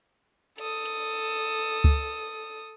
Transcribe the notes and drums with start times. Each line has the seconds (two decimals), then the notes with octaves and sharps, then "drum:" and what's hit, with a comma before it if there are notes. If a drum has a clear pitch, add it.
0.58 A4 D#6, drum: hi-hat
0.85 drum: hi-hat
1.84 drum: kick C#2